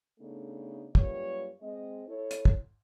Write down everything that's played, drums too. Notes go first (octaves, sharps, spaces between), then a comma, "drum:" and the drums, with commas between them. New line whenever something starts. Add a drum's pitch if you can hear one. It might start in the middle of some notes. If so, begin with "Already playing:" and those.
C#3 A3 B3 D4 D#4 A4
F#2 G3 A#3 F4 B4 C#5, drum: kick
G#3 C4 D#5
E4 A4 C#5
drum: hi-hat
drum: kick